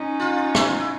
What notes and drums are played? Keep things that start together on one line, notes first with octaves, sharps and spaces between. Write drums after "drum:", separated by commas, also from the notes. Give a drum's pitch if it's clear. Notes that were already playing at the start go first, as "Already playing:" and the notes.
Already playing: C#4 D#4
F4
E4, drum: rim click
F4
E4